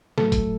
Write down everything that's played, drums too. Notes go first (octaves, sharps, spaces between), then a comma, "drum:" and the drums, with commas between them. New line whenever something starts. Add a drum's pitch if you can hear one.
A2 F#3 A3 A4, drum: snare
drum: kick, hi-hat